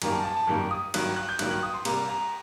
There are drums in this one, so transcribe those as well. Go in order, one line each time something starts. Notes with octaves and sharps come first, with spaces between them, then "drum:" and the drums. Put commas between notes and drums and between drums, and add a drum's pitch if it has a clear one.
F#2 D#3 G3 A#3 A#5, drum: cymbal
A5
A5
A5
F#2 D#3 G3 A#3
D#6
G2 D#3 F#3 A#3 F#6, drum: cymbal
F#6
G6
G2 D#3 F#3 A#3 F#6, drum: cymbal
F#6
D#6
C6
C3 G3 A#3 A#5, drum: cymbal
A#5